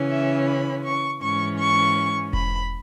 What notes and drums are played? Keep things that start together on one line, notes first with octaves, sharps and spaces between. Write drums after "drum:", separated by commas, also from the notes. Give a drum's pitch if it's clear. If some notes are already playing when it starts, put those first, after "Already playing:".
Already playing: C#3 E3 C#4
E5
B5
C#6
G#2 E3 C#4 C#6
C#6
B5, drum: kick E1